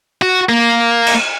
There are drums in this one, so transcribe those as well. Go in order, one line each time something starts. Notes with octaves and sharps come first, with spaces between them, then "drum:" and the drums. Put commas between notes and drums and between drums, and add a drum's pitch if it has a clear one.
F#4
A#3
drum: cymbal